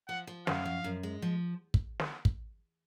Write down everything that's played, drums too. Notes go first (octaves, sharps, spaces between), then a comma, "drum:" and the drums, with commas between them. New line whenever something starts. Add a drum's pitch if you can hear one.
F3 F#5
F3
F#2 F5, drum: snare
F3
F#2
G#3
F3
drum: kick
drum: snare
drum: kick